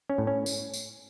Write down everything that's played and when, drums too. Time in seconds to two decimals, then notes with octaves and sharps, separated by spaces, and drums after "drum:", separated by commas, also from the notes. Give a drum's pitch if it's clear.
0.10 C#4
0.18 A2
0.27 C#4
0.46 drum: tambourine
0.74 drum: tambourine